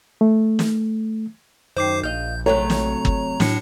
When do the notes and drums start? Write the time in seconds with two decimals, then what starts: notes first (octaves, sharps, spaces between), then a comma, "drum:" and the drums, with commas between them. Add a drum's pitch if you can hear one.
0.21 A3
0.59 drum: snare
1.77 F#2 D#3 C5 D6 C7
2.03 A#1 D#5 F5 G6
2.46 C3 F#3 A3 C#5 A#5
2.70 drum: snare
3.05 drum: kick
3.40 A2 F#3 D4 C#7, drum: snare